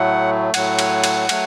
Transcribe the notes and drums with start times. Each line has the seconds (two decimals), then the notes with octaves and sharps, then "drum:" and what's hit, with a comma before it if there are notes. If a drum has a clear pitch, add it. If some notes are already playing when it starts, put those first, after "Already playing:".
Already playing: A2 F#3 A3 F#5
0.54 A2 F#3 A3 F#5, drum: cymbal
0.79 drum: cymbal
1.04 drum: cymbal
1.29 F#3 A3, drum: cymbal